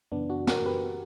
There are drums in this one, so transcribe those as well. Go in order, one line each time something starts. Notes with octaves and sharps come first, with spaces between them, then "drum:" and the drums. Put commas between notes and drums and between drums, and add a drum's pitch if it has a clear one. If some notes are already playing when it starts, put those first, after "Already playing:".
F#2 C#3 E3 B3 D4
D4 F#4
F#4 A#4, drum: snare
G4 B4